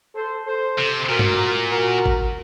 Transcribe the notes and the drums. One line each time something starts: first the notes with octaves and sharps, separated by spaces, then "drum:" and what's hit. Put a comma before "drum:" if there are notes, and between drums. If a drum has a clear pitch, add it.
A4 C5
A4 C5
C3
A#2 F#4 A#4
drum: tom
F#4 A#4
drum: kick